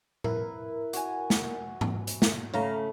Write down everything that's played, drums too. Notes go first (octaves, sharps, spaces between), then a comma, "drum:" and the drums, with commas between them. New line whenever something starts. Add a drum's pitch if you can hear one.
E4 A#4 B4, drum: tom A2
F#4 G#5, drum: hi-hat
drum: snare
drum: tom G#2
drum: hi-hat
drum: snare
C#3 A3 C#5 F5 A#5